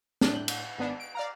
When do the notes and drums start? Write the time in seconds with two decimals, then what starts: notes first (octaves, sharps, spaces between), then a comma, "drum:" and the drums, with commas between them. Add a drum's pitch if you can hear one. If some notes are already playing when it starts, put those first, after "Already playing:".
0.21 A2 D4 F#6 G6, drum: snare
0.48 drum: cymbal
0.78 G#1 B3 D4
1.00 D7
1.15 D5 F5 A#5